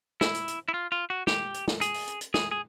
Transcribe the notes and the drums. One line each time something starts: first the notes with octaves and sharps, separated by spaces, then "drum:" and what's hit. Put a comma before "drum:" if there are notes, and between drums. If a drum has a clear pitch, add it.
E4, drum: snare
drum: hi-hat
drum: hi-hat
E4
F4
F4
F#4
G4, drum: snare
drum: hi-hat
drum: snare
G#4, drum: hi-hat
drum: open hi-hat
drum: hi-hat
drum: hi-hat
G#4, drum: snare
G#4